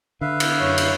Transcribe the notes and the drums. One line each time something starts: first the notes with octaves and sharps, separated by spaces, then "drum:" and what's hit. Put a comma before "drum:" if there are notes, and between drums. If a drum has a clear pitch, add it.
D3 B4 E5 F5
drum: cymbal
F#2 C#5
drum: cymbal